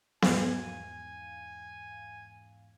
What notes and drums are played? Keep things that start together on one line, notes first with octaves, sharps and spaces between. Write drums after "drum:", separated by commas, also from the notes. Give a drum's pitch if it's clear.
E2 G#2 F5 G#5, drum: snare B3